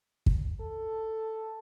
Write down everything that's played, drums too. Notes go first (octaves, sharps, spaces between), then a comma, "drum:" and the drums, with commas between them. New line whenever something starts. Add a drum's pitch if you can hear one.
drum: kick
A4